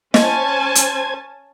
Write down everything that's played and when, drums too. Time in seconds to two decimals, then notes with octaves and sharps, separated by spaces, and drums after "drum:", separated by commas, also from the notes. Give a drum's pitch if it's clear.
0.14 C#4 C5 D#5 G#5 A5 G#6, drum: snare
0.75 drum: hi-hat